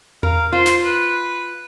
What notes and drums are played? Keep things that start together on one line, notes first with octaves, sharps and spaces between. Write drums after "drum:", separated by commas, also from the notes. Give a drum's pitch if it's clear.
A#4 F5, drum: tom E2
F4 C5
drum: snare
B4